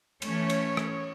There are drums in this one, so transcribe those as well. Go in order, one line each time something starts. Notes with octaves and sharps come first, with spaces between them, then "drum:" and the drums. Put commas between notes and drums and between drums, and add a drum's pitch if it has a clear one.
E3 A3 C#4 C#5, drum: cymbal
drum: cymbal
drum: rim click